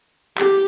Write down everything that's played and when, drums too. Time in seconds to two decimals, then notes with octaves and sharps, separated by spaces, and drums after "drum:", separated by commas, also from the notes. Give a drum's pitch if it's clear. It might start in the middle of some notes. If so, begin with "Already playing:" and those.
0.38 G4, drum: clap